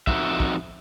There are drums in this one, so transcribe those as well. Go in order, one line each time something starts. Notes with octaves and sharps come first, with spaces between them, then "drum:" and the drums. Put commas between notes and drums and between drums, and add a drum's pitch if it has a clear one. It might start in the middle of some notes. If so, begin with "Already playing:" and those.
F2 E3 D#4 F#4 E5, drum: kick
drum: kick